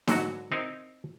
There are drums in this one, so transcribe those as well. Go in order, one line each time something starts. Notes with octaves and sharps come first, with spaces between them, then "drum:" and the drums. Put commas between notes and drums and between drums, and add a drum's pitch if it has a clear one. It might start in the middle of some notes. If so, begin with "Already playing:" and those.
G#2 D3 F#3 F#4, drum: snare D#4
C4 D#4 E4 A#4